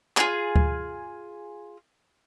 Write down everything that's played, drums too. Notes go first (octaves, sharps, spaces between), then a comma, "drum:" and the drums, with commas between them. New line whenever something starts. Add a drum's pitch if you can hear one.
F4 G#4, drum: clap
drum: kick D2